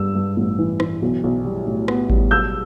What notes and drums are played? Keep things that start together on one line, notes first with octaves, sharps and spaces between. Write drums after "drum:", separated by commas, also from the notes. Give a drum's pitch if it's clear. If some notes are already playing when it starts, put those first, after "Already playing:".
Already playing: G2 G3 E6
G2
A1
E3
E3, drum: rim click
B1
B1
G3
A2
B3, drum: rim click
G3, drum: kick G#1
B1 E6 G6